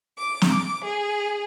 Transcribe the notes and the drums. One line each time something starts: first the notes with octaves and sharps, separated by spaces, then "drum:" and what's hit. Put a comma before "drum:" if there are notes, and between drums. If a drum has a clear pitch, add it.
D6
drum: snare
G#4